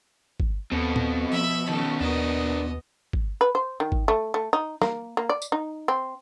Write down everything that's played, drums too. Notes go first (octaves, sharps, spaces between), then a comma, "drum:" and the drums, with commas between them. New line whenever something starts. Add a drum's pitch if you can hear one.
drum: kick
D#2 B2 C4 A4
drum: tom A#2
F3 E5 B5
D#3 C#4 A4
D#2 B3 D4 A#4 D#5
drum: kick
B4
C5
D#3
drum: kick
A3
A3
D#4
A#3, drum: snare
A#3
D5
drum: tambourine
D#4
C4